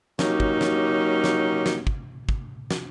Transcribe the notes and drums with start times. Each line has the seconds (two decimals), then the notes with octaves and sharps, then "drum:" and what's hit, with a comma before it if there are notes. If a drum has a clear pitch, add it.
0.19 F#3 A#3 C#4 D#4 G4, drum: snare
0.40 drum: kick
0.61 drum: snare
1.24 drum: snare
1.66 drum: snare
1.87 drum: kick
2.29 drum: kick
2.71 drum: snare